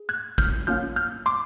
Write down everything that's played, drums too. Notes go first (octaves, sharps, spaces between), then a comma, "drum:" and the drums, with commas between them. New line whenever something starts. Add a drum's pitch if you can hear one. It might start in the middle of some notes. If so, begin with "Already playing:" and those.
Already playing: G#4
F#6 G#6
F6 G6, drum: kick
A#3 C#4 F4 F6 G6
F6 G6
C6 D6